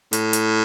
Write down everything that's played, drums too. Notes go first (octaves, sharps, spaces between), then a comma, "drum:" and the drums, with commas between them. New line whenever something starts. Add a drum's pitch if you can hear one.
A2, drum: hi-hat
drum: hi-hat